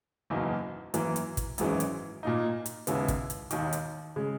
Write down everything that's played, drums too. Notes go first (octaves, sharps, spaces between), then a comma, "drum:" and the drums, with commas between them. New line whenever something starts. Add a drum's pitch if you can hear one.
F#1 E2 B2 A#3 D#4
F#2 E3 A#3, drum: hi-hat
drum: hi-hat
drum: kick, hi-hat
G#1 F#2 E3 G#3 C#4, drum: hi-hat
drum: hi-hat
A#2 A#3 D#4
drum: hi-hat
D#2 C#3 G#3 B3 E4, drum: hi-hat
drum: kick, hi-hat
drum: hi-hat
E1 D#2 D#3, drum: hi-hat
drum: hi-hat
C#3 G#3